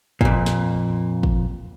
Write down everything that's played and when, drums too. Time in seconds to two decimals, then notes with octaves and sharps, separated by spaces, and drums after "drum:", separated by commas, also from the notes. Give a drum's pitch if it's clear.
0.21 F2 A#2, drum: kick
0.46 drum: snare
1.23 drum: kick